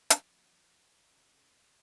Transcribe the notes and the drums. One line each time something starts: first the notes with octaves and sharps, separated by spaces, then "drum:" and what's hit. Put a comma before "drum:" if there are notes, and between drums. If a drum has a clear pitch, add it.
F3, drum: hi-hat
C#3